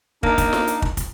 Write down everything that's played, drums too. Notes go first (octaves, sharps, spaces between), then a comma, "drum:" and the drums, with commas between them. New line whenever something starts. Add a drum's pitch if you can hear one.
A#3 D4 D#4, drum: kick
drum: kick, hi-hat
drum: snare
drum: hi-hat
drum: kick
drum: kick, hi-hat